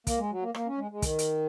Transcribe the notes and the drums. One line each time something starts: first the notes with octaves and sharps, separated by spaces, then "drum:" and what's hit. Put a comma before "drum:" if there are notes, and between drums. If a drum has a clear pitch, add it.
A#3, drum: kick, hi-hat
G#3
F#3
A#3
A#3, drum: rim click
C#4
G#3
G#3
D#3, drum: kick, hi-hat
drum: hi-hat